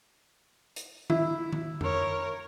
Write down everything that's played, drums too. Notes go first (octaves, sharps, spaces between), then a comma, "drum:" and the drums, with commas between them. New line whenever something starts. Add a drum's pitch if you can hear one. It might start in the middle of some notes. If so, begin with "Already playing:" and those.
drum: hi-hat
E4, drum: tom D#3
drum: tom D#3
A#4 C#5, drum: tom F2